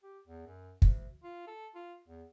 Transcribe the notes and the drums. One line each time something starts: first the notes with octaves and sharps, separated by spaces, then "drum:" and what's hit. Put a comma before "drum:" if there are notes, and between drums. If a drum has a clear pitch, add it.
G4
E2
F#2
D2, drum: kick
F4
A4
F4
E2